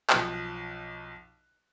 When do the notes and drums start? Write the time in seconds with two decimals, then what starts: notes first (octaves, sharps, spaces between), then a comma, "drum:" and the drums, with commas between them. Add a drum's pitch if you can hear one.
0.10 B1 F3 F#6, drum: clap